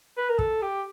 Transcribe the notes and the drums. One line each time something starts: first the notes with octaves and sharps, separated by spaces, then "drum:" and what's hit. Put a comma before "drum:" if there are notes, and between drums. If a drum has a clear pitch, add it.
B4
A#4
A4, drum: kick
G4